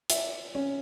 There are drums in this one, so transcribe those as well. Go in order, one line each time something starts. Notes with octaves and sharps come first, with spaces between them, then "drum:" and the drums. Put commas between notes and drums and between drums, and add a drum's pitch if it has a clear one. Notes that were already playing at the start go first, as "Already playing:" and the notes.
E5, drum: hi-hat
C#4